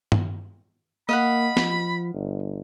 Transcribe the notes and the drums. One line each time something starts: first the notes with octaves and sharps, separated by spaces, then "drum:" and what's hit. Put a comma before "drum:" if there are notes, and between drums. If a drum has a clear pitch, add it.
drum: tom G2
A#3 D#5 F5 F#5 B5
F3, drum: snare
G1